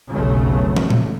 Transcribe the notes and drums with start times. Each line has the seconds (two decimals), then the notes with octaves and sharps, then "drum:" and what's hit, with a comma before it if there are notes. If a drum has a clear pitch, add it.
0.11 F1 B1 C#3 F#3 A3
0.76 drum: tom
0.90 drum: tom A#2